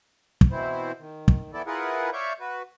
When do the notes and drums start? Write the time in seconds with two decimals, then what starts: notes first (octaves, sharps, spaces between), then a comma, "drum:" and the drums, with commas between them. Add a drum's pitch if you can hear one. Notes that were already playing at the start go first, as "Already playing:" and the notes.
0.41 drum: kick
0.52 B2 E3 C4 E4 C5
0.99 D#3
1.28 drum: kick
1.53 E3 B3 E4 A4 D5
1.67 E4 F4 G#4 A#4 B4 F#5
2.13 C#5 D5 E5 F5 C#6 G6
2.40 F#4 B4